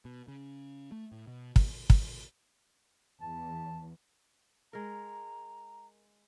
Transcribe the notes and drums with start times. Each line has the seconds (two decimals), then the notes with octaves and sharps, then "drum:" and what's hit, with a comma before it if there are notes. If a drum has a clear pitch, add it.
0.05 B2
0.28 C#3
0.92 A3
1.12 A2
1.27 B2
1.56 B1, drum: kick
1.90 drum: kick
3.21 E2 A5
4.73 G#3 A#4 A#5